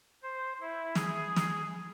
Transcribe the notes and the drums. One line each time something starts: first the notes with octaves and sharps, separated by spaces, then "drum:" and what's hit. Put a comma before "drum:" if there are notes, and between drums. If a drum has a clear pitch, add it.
C5
E4
G#4, drum: snare
drum: snare